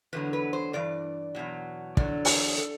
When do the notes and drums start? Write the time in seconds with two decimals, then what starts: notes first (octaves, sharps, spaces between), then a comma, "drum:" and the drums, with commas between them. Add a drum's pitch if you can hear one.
0.13 E2 D3 F#3 B4
0.33 B4
0.53 C5
0.73 G2 E3 D5
1.35 E2 B2 F#3
1.97 E2 D3 F#3 D5, drum: kick
2.25 drum: open hi-hat
2.58 A4